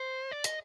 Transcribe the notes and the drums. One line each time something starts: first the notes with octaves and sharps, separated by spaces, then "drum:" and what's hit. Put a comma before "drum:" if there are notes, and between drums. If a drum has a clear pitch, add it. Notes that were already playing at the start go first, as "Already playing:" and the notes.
Already playing: C5
D5
D#5, drum: hi-hat